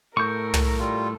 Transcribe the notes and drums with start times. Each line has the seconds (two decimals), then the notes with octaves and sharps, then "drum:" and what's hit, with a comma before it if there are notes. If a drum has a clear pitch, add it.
0.17 A2 A#4 C#6 G6
0.54 drum: tom
0.79 G3 F4